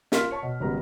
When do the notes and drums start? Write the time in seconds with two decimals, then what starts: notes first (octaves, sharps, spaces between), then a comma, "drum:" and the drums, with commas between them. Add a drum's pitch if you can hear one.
0.12 F4 A#4 F6 B6, drum: snare
0.31 C#5 A5 C#6
0.42 B2
0.60 G#1 C#3 G3 B3 A#5